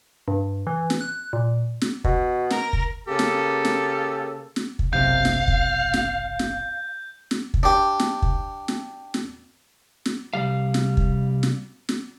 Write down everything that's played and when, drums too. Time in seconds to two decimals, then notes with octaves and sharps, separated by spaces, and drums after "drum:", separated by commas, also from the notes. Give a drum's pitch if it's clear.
0.28 G2
0.67 E3
0.90 drum: snare
1.01 F#6
1.33 A#2
1.81 drum: snare
2.04 B2, drum: kick
2.50 A#4, drum: snare
2.73 drum: kick
3.08 C#3 A#3 G4 A4
3.19 drum: snare
3.65 drum: snare
4.56 drum: snare
4.79 drum: kick
4.93 F#1 B1 C3 F5 G6
5.25 drum: snare
5.48 drum: kick
5.93 drum: snare
6.39 drum: snare
7.31 drum: snare
7.54 drum: kick
7.63 D4 G4
8.00 drum: snare
8.22 drum: kick
8.68 drum: snare
9.14 drum: snare
10.06 drum: snare
10.34 C2 G3 F5
10.74 drum: snare
10.97 drum: kick
11.43 drum: snare
11.89 drum: snare